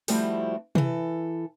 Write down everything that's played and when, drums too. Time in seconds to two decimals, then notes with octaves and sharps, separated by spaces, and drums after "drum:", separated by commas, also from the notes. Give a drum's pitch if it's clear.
0.08 F3 G3 A3 C4 E4 F#4, drum: open hi-hat
0.75 E3 A4, drum: tom C3